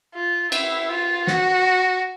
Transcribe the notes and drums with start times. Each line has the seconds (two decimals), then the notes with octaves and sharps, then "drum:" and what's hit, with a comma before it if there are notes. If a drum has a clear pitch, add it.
0.14 F4
0.52 E4, drum: cymbal
0.89 F4
1.27 F#4, drum: snare